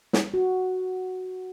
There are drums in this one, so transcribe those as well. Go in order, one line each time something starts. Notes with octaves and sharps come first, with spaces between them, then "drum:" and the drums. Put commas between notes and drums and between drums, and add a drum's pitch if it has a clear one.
drum: snare
F#4